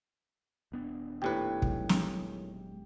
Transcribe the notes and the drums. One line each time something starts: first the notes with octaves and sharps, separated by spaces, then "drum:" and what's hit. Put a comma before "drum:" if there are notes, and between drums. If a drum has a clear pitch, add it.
D#1 B3 D4
D#2 A2 G4 B4
F#3 G#3, drum: kick
drum: snare